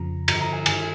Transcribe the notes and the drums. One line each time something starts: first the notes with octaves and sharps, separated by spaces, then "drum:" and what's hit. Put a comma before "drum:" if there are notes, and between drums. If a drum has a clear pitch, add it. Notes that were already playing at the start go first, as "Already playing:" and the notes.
Already playing: F2 C#3 F3 A#5
G2 D3 F3 A#5, drum: cymbal
A#5
G#5
G2 D#3 G#5, drum: cymbal